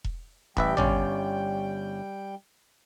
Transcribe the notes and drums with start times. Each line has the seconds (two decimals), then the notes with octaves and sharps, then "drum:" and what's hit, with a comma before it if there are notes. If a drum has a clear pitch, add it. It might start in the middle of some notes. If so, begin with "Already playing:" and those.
0.04 drum: kick E1
0.57 A1 G3 B4 E5 G5, drum: kick E1
0.77 G1 C#4 D5, drum: tom G#1